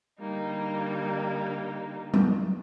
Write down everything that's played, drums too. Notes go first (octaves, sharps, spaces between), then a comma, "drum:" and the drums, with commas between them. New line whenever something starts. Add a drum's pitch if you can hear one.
D3 G3 A#3 D#4
drum: tom F#3